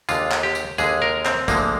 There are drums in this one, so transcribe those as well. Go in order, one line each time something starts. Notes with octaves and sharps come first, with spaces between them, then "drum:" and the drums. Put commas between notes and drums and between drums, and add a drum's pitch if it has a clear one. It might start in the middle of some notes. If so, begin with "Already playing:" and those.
D#2 D3 G#3 F4, drum: tambourine
drum: clap
G4
drum: tambourine
D#2 D3 G#3 G#4, drum: tambourine
A#4
C4, drum: clap
D2 D3 F3 G#3 A#3, drum: kick, tambourine